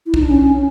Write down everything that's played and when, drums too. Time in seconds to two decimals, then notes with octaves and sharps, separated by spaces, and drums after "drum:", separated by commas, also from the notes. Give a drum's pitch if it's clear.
0.06 E4
0.14 D#4, drum: kick
0.22 D4
0.30 C#4